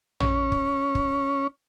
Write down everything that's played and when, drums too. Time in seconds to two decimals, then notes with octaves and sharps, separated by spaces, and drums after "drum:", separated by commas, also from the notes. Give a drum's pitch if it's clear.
0.20 C#4, drum: tom
0.52 drum: kick
0.95 drum: kick